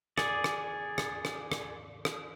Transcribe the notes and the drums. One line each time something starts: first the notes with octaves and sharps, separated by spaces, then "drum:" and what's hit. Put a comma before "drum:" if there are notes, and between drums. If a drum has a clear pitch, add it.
G#4 D5, drum: rim click
drum: rim click
drum: rim click
drum: rim click
drum: rim click
drum: rim click